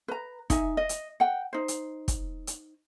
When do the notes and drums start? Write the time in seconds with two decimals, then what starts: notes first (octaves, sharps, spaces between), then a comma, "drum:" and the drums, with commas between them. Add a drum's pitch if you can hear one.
0.08 B4 A#5
0.50 D#4 E5 G#5, drum: kick, hi-hat
0.77 D#5
0.89 drum: hi-hat
1.20 F#5 G5
1.53 D#4 C5
1.68 drum: hi-hat
2.08 drum: kick, hi-hat
2.47 drum: hi-hat